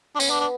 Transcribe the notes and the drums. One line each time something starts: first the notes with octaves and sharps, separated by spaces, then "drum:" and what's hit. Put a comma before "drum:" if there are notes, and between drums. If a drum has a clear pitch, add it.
D4
B3 C#4, drum: tambourine
D4
D4